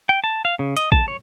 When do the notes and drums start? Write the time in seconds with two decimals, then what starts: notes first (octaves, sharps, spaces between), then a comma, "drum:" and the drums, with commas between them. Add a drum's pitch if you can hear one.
0.09 G5
0.24 A5
0.45 F5
0.59 C#3
0.77 D#5, drum: hi-hat
0.92 A5, drum: kick
1.08 C#5